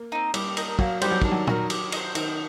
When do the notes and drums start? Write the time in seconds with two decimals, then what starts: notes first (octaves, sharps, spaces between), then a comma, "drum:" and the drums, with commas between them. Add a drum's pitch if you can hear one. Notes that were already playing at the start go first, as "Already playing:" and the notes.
Already playing: A#3
0.12 C4 D#4
0.34 G3 G4, drum: cymbal
0.57 A#4 D#5 G5, drum: cymbal
0.79 F#3 A#3, drum: kick
1.01 G3 D4 G4 C5, drum: cymbal
1.11 F#3
1.22 D#3 D4, drum: kick
1.32 F#3
1.47 F#4 A#4, drum: tom
1.70 G4, drum: cymbal
1.92 D#5, drum: cymbal
1.97 C5
2.15 D#3 C4, drum: cymbal